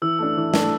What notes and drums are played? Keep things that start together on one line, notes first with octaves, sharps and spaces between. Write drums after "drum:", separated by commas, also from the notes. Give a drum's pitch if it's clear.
E3 E6
A3 D4
E3
A3 D4, drum: snare